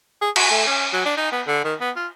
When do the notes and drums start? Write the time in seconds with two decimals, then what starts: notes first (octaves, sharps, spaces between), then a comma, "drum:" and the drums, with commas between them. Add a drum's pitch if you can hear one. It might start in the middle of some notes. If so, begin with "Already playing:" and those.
0.21 G#4
0.36 F#4, drum: cymbal
0.51 A3
0.67 C#4
0.93 F#3
1.05 D4
1.17 D#4
1.32 B3
1.47 D3
1.64 D#3
1.81 B3
1.96 F4